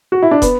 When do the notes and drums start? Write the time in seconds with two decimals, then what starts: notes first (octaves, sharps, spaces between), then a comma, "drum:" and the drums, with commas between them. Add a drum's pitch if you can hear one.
0.12 F#4
0.23 E4
0.31 D4
0.42 B3, drum: kick, hi-hat